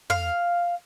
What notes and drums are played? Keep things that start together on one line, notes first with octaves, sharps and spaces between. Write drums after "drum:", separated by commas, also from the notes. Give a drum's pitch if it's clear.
F5, drum: tom